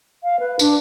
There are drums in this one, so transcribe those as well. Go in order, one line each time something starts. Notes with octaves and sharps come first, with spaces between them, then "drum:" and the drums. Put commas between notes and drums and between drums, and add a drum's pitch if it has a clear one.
F5
B4
D4, drum: tambourine